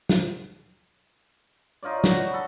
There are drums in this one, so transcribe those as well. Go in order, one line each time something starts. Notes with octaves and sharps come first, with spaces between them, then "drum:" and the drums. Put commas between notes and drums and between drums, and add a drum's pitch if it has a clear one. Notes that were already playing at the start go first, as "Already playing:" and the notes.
drum: snare
D#4 F4 C#5 D5
F#4, drum: snare
A4 B5